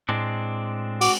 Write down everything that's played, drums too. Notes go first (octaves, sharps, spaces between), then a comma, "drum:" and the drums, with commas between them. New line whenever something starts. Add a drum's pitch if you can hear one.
A2 G#3 C4 D4
F#4 D6, drum: open hi-hat